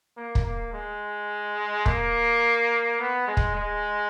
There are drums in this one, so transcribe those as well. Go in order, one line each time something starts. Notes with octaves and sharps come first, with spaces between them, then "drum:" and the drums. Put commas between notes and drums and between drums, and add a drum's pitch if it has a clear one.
A#3
drum: kick
A#3
G#3
A#3, drum: kick
B3
G#3
drum: kick
G#3